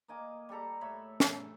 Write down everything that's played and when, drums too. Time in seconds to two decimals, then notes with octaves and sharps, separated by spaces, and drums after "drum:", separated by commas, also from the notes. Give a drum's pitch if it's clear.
0.08 A#3 D#5 G#5 D6
0.49 G3 G4 A4 A#5
0.81 A2 C#5 E5 B5
1.20 E5, drum: snare